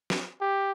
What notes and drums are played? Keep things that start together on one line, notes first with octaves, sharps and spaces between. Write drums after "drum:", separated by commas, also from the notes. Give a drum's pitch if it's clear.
drum: snare
G4